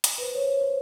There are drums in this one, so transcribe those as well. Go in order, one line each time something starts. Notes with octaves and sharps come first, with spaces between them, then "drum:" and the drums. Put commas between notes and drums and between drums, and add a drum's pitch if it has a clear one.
drum: hi-hat
B4
C5
C#5
C5